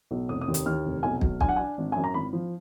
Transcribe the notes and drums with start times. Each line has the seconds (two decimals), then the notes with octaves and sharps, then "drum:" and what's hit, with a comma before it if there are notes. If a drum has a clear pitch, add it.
0.11 B1
0.29 F1 D#6
0.41 D#6
0.48 D#2
0.54 D#6, drum: hi-hat
0.66 D#2 F6
0.86 F1
1.03 B1 G#5
1.21 F#3, drum: kick
1.41 D4 G#5, drum: kick
1.49 F#5
1.56 D4 G#5
1.78 G#1
1.92 F#2 G#5
2.04 A#5
2.14 G#1 B5
2.33 F3